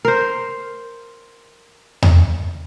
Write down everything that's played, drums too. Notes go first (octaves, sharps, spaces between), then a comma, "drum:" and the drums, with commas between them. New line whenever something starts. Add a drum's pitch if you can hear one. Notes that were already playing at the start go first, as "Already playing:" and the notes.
A#4 C5
drum: tom E2